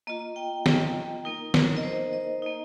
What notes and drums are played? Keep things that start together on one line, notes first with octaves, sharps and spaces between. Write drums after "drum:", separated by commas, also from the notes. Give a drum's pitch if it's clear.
A#3 F4 D#5
G5
D#5, drum: snare
A#3 D#4 A#4
A#4, drum: snare
D#5
C5
D#5
A#3 D#4